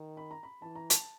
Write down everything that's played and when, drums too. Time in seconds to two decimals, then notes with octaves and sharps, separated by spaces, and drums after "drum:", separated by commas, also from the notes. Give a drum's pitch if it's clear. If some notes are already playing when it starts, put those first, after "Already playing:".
Already playing: D#3
0.17 B5
0.31 A#5
0.43 B5
0.62 E3 A5
0.75 A#5
0.90 A5, drum: hi-hat